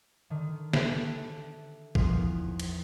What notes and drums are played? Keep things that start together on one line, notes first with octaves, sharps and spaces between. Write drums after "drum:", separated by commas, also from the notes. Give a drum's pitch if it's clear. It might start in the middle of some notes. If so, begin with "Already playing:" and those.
D3 D#3
G4 A4 E5 F#6, drum: snare
E2 F3 D#4 F4, drum: kick
drum: cymbal